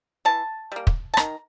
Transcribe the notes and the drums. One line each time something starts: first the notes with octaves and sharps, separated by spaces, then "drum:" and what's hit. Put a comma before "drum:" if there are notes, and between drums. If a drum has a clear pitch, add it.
E3 A5
G3 A#3
drum: kick
A5
D#3 A#5, drum: rim click